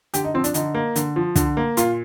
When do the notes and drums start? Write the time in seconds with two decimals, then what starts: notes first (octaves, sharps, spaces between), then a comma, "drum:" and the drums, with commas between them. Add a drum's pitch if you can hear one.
0.14 D3 G4, drum: hi-hat
0.24 D#4
0.34 F3 C4
0.44 D4, drum: hi-hat
0.54 D3 D#4, drum: hi-hat
0.75 A#3
0.96 D3, drum: hi-hat
1.16 F3
1.36 D3, drum: kick, hi-hat
1.57 A#3
1.77 A#2 F4, drum: hi-hat